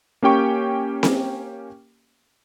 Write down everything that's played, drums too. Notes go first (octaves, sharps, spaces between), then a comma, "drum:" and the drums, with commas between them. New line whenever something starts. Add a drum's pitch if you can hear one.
A#3 C#4 G4 G5 C#6
drum: snare C4